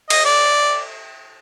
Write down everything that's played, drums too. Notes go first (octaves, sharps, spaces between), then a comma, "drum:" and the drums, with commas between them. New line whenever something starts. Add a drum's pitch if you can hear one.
D#5, drum: cymbal
D5